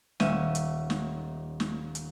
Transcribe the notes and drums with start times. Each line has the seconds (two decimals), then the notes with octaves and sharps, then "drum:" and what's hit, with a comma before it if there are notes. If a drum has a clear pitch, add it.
0.20 D#1 C#4 E5 D#7, drum: snare
0.55 drum: hi-hat
0.90 drum: snare
1.60 drum: snare
1.95 drum: hi-hat